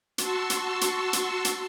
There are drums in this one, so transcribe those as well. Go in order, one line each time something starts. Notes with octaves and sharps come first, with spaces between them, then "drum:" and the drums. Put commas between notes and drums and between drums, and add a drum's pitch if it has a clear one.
F#4 A5 C6 C#6 E6, drum: hi-hat
drum: hi-hat
drum: hi-hat
drum: hi-hat
drum: hi-hat